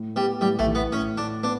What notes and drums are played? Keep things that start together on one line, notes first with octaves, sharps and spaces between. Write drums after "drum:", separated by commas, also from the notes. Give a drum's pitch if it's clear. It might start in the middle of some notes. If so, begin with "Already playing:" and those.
Already playing: A2
G3 B3
A2 G3
A3, drum: tom A#1
E3
B3
A2 C#4
A2 D4
B3 D4